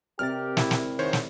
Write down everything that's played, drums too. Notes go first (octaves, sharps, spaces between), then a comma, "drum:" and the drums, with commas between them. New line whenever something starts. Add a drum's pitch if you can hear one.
C3 G4 A#4 D5 F6 A6
E4, drum: snare
drum: snare
G#2 D#3 C5 C#5
drum: snare